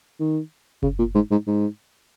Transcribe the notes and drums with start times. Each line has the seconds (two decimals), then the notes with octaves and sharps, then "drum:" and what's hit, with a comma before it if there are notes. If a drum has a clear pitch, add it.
0.20 D#3
0.83 C#3, drum: kick F#1
0.99 A#2
1.15 G#2
1.31 G#2
1.47 G#2